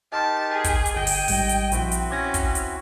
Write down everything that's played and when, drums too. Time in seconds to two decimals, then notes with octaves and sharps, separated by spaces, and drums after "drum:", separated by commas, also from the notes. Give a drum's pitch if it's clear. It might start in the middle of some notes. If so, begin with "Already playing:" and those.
0.13 D#4 G4 A#4 D#5 G5 A5 C6
0.53 G#4
0.64 drum: kick, hi-hat
0.86 drum: hi-hat
0.96 G1 D#5 G5 G#5 G6
1.07 drum: open hi-hat
1.28 A1 G#2 G3, drum: open hi-hat
1.49 drum: hi-hat
1.72 A#1 C4 E4 F#4, drum: hi-hat
1.92 drum: hi-hat
2.11 C#4 D6 G#6 A#6
2.34 drum: kick, hi-hat
2.55 drum: hi-hat